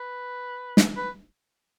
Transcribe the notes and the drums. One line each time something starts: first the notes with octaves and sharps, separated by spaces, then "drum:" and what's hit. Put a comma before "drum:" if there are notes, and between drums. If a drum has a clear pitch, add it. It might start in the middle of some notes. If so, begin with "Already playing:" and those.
Already playing: B4
drum: snare
B4